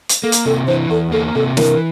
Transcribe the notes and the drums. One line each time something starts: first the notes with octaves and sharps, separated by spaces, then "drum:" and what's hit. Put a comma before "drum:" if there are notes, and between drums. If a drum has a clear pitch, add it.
drum: hi-hat
A#3 A4
drum: hi-hat
C3 A4
E3 C5
E2 A4
A#3 A4
C3 A4
E3 A#4, drum: snare